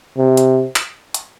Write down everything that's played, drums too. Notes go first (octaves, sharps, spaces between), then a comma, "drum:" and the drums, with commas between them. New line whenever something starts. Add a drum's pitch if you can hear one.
C3
drum: hi-hat
drum: clap
drum: hi-hat